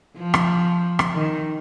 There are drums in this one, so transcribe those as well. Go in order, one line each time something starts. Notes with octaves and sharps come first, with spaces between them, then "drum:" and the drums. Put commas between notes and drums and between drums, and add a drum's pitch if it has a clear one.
F3
drum: rim click
drum: rim click
D#3